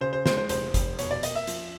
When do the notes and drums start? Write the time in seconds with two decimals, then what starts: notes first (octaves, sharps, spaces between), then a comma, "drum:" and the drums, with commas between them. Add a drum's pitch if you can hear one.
0.01 C#3 C5
0.13 C5
0.26 G#3 C5, drum: snare
0.38 C5
0.49 F1 C5, drum: hi-hat
0.74 F1, drum: kick F#1, hi-hat
0.99 B2 C#5, drum: hi-hat
1.11 D5
1.23 A#3 D#5, drum: hi-hat
1.35 E5
1.47 F3, drum: hi-hat